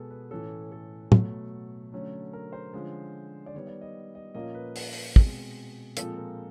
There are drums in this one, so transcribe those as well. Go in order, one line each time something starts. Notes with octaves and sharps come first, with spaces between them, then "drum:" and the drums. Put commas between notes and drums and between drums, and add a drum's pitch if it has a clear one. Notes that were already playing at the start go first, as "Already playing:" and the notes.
Already playing: B2 G#3 B3 G#4 A4
B4
A2 E3 A3 C#4 A4
A4
B2 F#3 A3, drum: tom A2
D3 F#3 A3 C#4
A#4
C5
D3 F3 G#3 C#4
D5
D#3 G3 B3 C#5
D5
D#5
D#5
A#2 F3 A#3 C#4 D#5
B4
B4, drum: open hi-hat
drum: open hi-hat
B2 G#3 C4, drum: kick
A#2 F3 G#3 C4 A4, drum: hi-hat
A#4